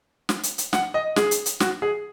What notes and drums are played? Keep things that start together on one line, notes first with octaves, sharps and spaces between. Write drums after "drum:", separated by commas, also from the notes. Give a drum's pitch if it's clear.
drum: snare
drum: hi-hat
drum: hi-hat
F#5, drum: snare
D#5
G#4, drum: snare
drum: hi-hat
drum: hi-hat
F#4, drum: snare
G#4